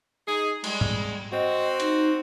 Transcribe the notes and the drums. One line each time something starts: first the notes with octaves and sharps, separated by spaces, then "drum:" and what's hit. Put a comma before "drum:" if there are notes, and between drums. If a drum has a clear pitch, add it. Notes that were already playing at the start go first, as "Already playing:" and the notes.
D#4 G#4
G3 G#3, drum: cymbal
drum: tom G#2
C4 F#4 D#5
D#4, drum: hi-hat